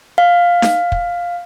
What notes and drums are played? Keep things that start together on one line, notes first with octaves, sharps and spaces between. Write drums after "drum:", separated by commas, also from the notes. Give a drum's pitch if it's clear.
F5
drum: snare D#4
drum: kick